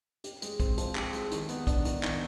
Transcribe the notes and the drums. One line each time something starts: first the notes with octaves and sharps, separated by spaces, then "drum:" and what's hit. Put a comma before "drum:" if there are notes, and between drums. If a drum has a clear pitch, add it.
G4, drum: hi-hat
G#3, drum: hi-hat
C4, drum: kick, hi-hat
F3, drum: hi-hat
G4, drum: clap
G#3, drum: hi-hat
D#3, drum: hi-hat
B3, drum: hi-hat
D4, drum: kick, hi-hat
D#3, drum: hi-hat
D#3, drum: clap